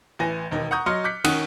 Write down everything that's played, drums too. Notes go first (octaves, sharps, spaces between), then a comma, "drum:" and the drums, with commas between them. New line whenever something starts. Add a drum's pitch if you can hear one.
A1 E3 G#5 A#6
E1 D#2 D#4
F#5 A#5 C#6 D#6 G6
F#3 D#5 C6 F6 C#7
D6 F#6 G6 B6 C#7
D#3 C#4 F#5 D#6 F#6, drum: cymbal